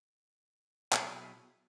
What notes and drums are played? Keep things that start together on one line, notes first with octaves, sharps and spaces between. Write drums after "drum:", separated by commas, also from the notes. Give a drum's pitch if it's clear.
B2 F#3 E4 G#4, drum: clap